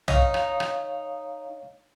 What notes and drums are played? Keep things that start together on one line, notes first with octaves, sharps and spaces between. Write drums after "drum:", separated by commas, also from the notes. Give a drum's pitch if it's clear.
D#4 C#5 F5, drum: tom
drum: rim click
drum: rim click